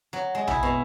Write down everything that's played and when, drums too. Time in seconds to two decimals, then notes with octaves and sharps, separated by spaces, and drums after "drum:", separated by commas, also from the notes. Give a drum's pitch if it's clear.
0.13 F#3
0.35 G#3
0.47 E4, drum: tom A#1
0.63 B2